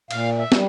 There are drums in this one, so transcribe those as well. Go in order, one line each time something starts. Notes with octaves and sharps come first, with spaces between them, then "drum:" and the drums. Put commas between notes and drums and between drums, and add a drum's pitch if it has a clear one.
A#2 F5, drum: cymbal
E5
G3, drum: snare